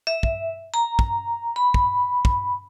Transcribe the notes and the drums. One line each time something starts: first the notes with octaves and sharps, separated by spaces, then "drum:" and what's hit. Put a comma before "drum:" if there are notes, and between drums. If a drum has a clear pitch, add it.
E5
drum: kick
A#5
drum: kick
B5
drum: kick
drum: kick